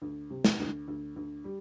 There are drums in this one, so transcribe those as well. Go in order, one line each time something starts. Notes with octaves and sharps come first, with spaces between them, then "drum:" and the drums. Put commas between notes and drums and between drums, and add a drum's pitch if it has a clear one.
D2
C3
drum: snare
D2
D2
D2
G3